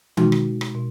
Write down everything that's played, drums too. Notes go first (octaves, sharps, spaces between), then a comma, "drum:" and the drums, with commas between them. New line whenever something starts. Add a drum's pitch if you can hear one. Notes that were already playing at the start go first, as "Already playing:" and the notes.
B2 G#3 D#4 F#4, drum: tom D#3
drum: rim click
drum: rim click
B2